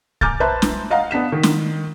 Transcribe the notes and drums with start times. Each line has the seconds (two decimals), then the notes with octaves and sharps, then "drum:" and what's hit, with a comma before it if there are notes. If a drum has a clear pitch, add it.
0.21 G#5 A#5 D6 F6 G6 A6, drum: kick B1
0.40 B4 C5 E5 A5 A#5
0.62 drum: snare
0.91 D#5 F5 F#5 A#5
1.11 B3 D4 B6 E7
1.32 D#3
1.43 drum: snare